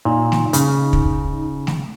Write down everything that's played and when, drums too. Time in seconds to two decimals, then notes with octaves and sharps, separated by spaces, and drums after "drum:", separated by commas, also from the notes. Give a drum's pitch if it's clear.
0.05 A#2 D#4
0.32 drum: snare A3
0.53 C#3, drum: hi-hat
0.93 drum: kick
1.67 drum: snare A3